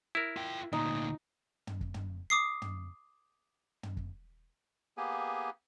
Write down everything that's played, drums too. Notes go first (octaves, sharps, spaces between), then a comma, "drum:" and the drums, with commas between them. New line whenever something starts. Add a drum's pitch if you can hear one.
E4 A#4
F4 G5
D2 A#2 D#4
drum: tom
drum: kick
drum: tom
D6 D#6 C7
drum: tom
drum: tom
drum: kick
A#3 B3 G4 G#4 G#5